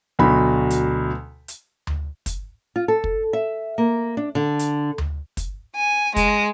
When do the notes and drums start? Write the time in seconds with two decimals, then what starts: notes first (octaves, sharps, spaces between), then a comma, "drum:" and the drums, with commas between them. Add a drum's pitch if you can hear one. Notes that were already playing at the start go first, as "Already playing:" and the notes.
0.19 D2 B2 F#3 B5
0.70 drum: hi-hat
1.48 drum: hi-hat
1.87 drum: tom D2
2.26 drum: kick, hi-hat
2.76 F4
2.88 A4
3.04 drum: kick
3.33 E5
3.78 A#3
4.17 D4
4.35 D3
4.59 drum: hi-hat
4.98 drum: tom D2
5.37 drum: kick, hi-hat
5.76 G#5
6.16 G#3, drum: kick, hi-hat